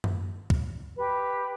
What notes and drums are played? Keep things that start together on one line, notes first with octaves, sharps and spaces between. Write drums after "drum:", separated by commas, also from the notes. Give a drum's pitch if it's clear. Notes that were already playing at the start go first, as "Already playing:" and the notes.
drum: tom F#2
drum: kick
G4 B4